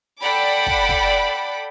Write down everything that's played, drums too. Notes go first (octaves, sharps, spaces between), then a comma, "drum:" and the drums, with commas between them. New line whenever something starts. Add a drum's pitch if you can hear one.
A4 D5 F#5 G5 B5 D6
drum: kick
drum: kick